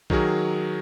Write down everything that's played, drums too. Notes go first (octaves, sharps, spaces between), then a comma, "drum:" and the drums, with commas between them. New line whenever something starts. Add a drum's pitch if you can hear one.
D#3 F#3 F#4 G#4 A#4, drum: kick A#1